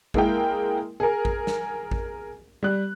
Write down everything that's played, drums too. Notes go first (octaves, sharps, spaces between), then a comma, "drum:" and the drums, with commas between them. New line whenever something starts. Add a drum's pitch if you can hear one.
G#3 A#3 E4 A#4 G5, drum: kick A1
G#4 A#4
drum: kick A1
drum: snare
drum: kick A1
G3 F#6